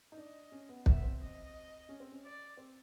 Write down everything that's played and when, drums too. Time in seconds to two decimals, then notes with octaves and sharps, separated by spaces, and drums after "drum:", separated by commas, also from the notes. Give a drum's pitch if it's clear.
0.12 D#4
0.17 D4 D#5
0.52 C#4
0.69 B3
0.86 B3 E5, drum: kick
1.03 C4
1.21 D#5
1.89 C#4
2.00 C4
2.12 C#4
2.24 D5
2.57 C4